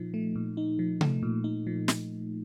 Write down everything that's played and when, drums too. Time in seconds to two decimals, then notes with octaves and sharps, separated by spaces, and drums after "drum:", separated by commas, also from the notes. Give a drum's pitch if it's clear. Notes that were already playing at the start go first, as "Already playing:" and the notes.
Already playing: A#2 F3 D#4
0.14 A3
0.35 A#2
0.57 D#4
0.79 F3
1.01 A3, drum: tom C3
1.23 A#2
1.44 D#4
1.67 F3
1.88 drum: snare